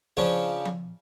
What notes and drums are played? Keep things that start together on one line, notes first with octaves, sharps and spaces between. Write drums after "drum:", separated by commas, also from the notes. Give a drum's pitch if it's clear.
C#3 F3 C#4 D4
drum: tom F3